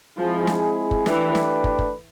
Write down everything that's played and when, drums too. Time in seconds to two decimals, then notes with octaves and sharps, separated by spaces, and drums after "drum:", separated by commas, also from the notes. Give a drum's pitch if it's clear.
0.18 F3 G#3 C4 E4 G#4
0.47 drum: snare
0.91 drum: kick
1.06 E3 A3 D4 G4 B4, drum: snare
1.35 drum: snare
1.64 drum: kick
1.79 drum: kick